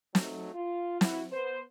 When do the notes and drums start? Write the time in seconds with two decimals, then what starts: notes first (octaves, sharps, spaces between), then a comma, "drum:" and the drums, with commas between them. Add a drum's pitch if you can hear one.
0.15 F#3 A3 D#4, drum: snare
0.53 F4
1.01 E4 F#4, drum: snare
1.31 B3 C5